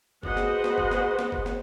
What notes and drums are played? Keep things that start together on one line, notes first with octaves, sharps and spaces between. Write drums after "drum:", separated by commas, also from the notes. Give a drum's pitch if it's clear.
F#4 G#4 B4 C5 D#5 F#5, drum: kick
drum: snare
drum: snare
drum: kick
drum: snare
drum: snare
drum: kick
drum: snare